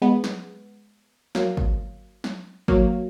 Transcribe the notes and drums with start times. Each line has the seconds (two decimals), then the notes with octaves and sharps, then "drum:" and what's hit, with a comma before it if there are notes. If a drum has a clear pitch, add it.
0.02 G#3 B3
0.24 drum: snare
1.35 F#3 A#3, drum: snare
1.57 drum: kick
2.24 drum: snare
2.68 F#3 A#3, drum: kick